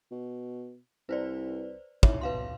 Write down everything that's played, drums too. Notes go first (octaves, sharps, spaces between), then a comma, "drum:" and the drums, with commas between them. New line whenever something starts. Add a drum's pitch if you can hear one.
B2
C2 B4 C5 D5
A2 D#4 C#5 E5, drum: kick
B2 B4 F5 C6